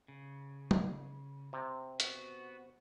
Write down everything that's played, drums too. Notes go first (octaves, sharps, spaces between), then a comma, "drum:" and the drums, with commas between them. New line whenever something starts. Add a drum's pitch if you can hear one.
C#3
drum: tom
C3
B3 F#4, drum: hi-hat